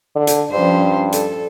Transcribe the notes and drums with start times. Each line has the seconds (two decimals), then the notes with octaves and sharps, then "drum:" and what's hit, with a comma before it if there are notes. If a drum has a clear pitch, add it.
0.16 D3
0.27 drum: hi-hat
0.51 G2 F3 C#4 C5
1.12 A4, drum: hi-hat